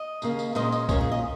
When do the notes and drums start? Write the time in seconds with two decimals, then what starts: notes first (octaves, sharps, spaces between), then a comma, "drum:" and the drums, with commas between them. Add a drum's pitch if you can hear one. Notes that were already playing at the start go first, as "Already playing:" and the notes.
Already playing: D#5
0.22 D#2 C#3 A#3, drum: tambourine
0.39 drum: tambourine
0.55 A#2 G#3 C#4 D#5, drum: tambourine
0.72 D#5, drum: tambourine
0.89 A#2 A#3 C#4 C#5, drum: kick C2, tambourine
1.01 G#4
1.11 D#5